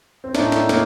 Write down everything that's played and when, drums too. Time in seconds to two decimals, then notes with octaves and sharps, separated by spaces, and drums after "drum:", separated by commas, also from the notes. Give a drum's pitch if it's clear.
0.24 C4
0.35 A2 A3 D4 D#4, drum: snare
0.52 drum: snare
0.69 A#3, drum: snare